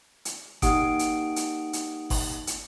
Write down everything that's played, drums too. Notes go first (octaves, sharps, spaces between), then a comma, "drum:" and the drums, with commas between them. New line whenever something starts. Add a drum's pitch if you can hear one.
drum: hi-hat
A#3 D#4 G4 F#5 D#6 D7, drum: kick G1, hi-hat
drum: hi-hat
drum: hi-hat
drum: hi-hat
drum: kick G1, open hi-hat
drum: hi-hat